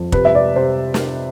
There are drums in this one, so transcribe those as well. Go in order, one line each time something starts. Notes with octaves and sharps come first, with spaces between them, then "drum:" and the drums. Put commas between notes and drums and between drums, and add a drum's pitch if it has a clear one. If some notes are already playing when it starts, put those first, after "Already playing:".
Already playing: F2
C3 B4, drum: kick
E5
C3 D5
C3 C5
drum: snare